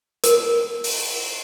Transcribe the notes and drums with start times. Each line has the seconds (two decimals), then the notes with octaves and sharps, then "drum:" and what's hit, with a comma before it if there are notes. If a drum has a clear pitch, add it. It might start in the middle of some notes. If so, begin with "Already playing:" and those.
0.24 A#4, drum: hi-hat
0.84 drum: open hi-hat